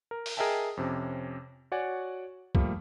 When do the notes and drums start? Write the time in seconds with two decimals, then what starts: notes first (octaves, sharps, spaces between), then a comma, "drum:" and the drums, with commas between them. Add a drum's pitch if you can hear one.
0.11 A#4
0.26 drum: open hi-hat
0.37 G#4 A#4 D#5 E5 G5 A5
0.77 F2 C3 C#4
1.72 F#4 C#5 D5 F#5 G#5
2.55 F3 G3 A3 A#3, drum: kick